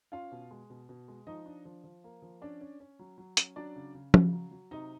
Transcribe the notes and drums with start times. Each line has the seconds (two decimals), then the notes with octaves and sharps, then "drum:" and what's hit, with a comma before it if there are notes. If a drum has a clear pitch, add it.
0.12 C#4 F4 F5
0.32 B2
0.51 G#3
0.70 B2
0.89 B2
1.08 G#3
1.27 F3 D#4 D#5
1.46 D4
1.65 F3
1.84 F3
2.04 A#3
2.22 F3
2.41 C#4 D4 D5
2.61 C#4
2.80 C#4
2.99 F#3
3.18 F#3
3.37 C#4, drum: hi-hat
3.56 F#3 D4 D5
3.76 C#3
3.95 C#3
4.14 C#3, drum: tom
4.33 F#3
4.51 F#3
4.71 C3 D#4 D#5